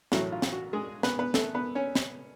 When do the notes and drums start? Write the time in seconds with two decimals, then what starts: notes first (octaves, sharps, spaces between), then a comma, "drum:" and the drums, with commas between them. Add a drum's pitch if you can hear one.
0.12 A1 A2 F#3 A3 F#4, drum: snare
0.32 F4
0.42 drum: snare
0.52 F#4
0.73 G#3 G#4
1.03 B3 B4, drum: snare
1.19 B3 B4
1.34 A3 A4, drum: snare
1.55 B3 B4
1.75 C#4 C#5
1.95 drum: snare